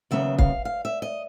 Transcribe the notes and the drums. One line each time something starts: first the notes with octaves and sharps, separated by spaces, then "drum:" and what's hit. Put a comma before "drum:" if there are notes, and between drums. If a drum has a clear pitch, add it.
D#2 C#3 F#3 B3 E5
F5, drum: kick
F5
E5
D#5